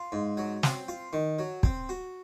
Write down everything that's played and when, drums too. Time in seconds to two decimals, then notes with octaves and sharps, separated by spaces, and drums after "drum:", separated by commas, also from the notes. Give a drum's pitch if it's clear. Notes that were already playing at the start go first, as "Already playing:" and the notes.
Already playing: F4
0.12 G#2
0.37 F#3
0.63 C4, drum: snare
0.88 F4
1.13 D#3
1.39 F#3
1.63 C4, drum: kick
1.89 F#4